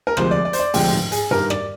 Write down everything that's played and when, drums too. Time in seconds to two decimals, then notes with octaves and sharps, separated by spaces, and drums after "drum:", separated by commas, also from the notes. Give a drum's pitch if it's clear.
0.07 A#4
0.17 D2 C3 F3 G#3 C5, drum: rim click
0.31 D5
0.45 D5
0.53 C5, drum: hi-hat
0.59 D5
0.74 D2 C3 F3 G#3 G5, drum: open hi-hat
0.93 drum: tom G#2
1.12 G#4, drum: hi-hat
1.31 G2 D#3 G3 A#4, drum: tom G#2
1.50 D5, drum: rim click